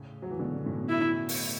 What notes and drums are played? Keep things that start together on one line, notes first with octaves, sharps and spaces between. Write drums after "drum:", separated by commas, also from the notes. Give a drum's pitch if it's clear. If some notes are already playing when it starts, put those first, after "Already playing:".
Already playing: A2 C#3
F#3
E3
B2 D3
B2
A2
B2
E4
drum: open hi-hat